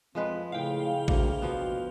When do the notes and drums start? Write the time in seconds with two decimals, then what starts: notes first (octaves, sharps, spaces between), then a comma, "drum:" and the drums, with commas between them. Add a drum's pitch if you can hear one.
0.15 F2 F3 G#3 C4 B4
0.52 A2 C#3 F5 G5
1.08 D2 D3 A#3, drum: kick A1
1.42 B2 F3 B3